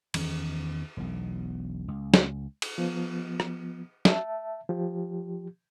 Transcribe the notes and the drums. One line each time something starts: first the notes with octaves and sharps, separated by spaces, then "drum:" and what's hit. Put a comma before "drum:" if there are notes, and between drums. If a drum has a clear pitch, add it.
E2 D#3 E3 C#4, drum: cymbal
E1 B1
C#2
drum: snare
drum: cymbal
F3 B3
drum: rim click
E5 A5, drum: snare
F3 G4